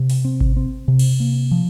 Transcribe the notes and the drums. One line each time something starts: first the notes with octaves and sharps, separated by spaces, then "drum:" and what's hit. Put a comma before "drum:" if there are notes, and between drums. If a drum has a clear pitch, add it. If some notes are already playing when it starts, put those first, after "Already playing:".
Already playing: C3
drum: open hi-hat
C4
drum: kick G#1
C4
C3
drum: cymbal
A#3
F3